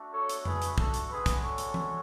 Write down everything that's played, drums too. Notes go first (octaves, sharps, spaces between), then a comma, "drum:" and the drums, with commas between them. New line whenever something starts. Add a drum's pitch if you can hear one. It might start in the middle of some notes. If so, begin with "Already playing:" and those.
Already playing: A3 D4 F#4
A4 C#5
drum: hi-hat
G#4 B4, drum: tom F2
drum: hi-hat
A4, drum: kick
drum: hi-hat
G#3 D4 F#4 G#4 B4
drum: kick, hi-hat
A4 C#5
drum: hi-hat
drum: tom E3